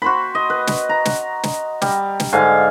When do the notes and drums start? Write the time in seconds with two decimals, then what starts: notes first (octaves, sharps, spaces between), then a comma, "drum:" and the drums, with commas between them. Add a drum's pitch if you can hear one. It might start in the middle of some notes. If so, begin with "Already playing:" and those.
0.02 F#4 C5 B5
0.35 D#5
0.50 B4
0.67 drum: snare
0.89 A#5
1.05 drum: snare
1.43 drum: snare
1.82 G3, drum: snare
2.20 drum: snare
2.33 G#2 D3 F5 G#5